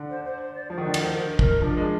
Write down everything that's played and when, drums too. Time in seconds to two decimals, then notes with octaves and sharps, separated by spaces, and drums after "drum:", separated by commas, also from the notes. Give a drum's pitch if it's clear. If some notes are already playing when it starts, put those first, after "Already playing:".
Already playing: D3 D4
0.09 C5
0.24 C5
0.40 C5
0.54 D5
0.70 F3 C5
0.78 D#3
0.85 D3 D5
0.94 D#3, drum: cymbal
1.00 C5
1.16 C5
1.39 A#4, drum: kick
1.62 F3 D4
1.77 G#3